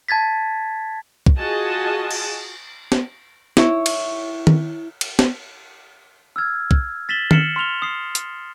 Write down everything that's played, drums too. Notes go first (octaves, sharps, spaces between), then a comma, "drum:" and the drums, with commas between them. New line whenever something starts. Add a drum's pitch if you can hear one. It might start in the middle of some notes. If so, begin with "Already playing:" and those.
A5 G#6 A6 B6
drum: kick
F4 F#4 G#4 D#5 G#5 A5
drum: cymbal
drum: snare
E4 C#5, drum: snare
drum: cymbal
drum: tom D#3
drum: cymbal
drum: snare
E6 F6 G#6
drum: kick
A6 B6 E7 F#7 G7
F6 C7 C#7 E7 F#7 G7, drum: tom D#3
C6 F6 F7 G7
D#6 C7
drum: hi-hat